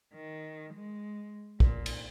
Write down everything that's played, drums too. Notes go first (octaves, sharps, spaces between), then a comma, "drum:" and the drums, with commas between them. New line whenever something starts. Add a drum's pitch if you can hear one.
D#3
G#3
A#2, drum: kick
drum: cymbal